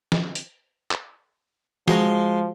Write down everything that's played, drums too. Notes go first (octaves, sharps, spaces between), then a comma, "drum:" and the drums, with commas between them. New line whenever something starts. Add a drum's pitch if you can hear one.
drum: snare
drum: hi-hat
drum: clap
F3 G#3 F#4 G#4 A#5 C6, drum: snare